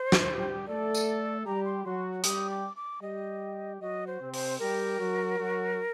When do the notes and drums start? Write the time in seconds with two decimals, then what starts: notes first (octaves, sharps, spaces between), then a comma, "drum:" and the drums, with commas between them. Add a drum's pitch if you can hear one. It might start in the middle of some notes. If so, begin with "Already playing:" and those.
Already playing: C5
0.12 drum: snare
0.27 G3 G4
0.67 A3 A4 D5
0.95 drum: tambourine
1.45 G3 G4 A#5
1.65 C6
1.84 F#3 F#4 C6
2.24 G3 G4 D#6, drum: hi-hat
2.50 D6
2.76 D6
3.02 G3 G4 D#5
3.81 F#3 F#4 D#5
4.07 C5
4.20 C3 C4
4.34 C5, drum: open hi-hat
4.59 G3 G4 A#4
4.98 F#3 F#4
5.38 F#3 F#4